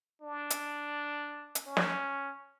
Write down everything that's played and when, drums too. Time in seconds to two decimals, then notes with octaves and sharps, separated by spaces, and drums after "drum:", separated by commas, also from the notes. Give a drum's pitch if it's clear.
0.22 D4
0.50 drum: hi-hat
1.55 drum: hi-hat
1.66 C#4
1.77 drum: snare